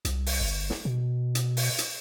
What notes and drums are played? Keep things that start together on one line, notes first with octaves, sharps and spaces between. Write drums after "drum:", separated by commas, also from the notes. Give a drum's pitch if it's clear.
C2, drum: hi-hat
drum: open hi-hat
G1
drum: snare
B2
drum: hi-hat
drum: open hi-hat
drum: hi-hat